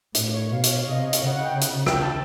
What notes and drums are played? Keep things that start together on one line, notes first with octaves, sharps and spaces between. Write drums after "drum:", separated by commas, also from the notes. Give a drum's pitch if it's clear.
A2, drum: hi-hat
C#5
B2 F5
drum: hi-hat
C3 D#5
drum: hi-hat
C#3 F#5
G5
F#5, drum: hi-hat
G5, drum: rim click
A5